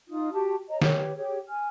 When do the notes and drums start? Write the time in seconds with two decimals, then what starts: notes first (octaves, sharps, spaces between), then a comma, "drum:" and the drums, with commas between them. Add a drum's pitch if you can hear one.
0.08 D#4 F4 D#6
0.32 F#4 G4 A5
0.69 C#5 D#5 A#5
0.82 G4 B4 C#5, drum: snare
1.16 G4 G#4 C#5 G5
1.48 G#5 F6